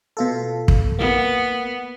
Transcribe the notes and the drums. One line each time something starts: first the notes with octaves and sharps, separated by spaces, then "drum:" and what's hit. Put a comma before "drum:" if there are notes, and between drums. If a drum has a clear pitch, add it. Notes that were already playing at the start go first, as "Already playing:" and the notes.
B2 F4 A4
drum: kick
A#3 B3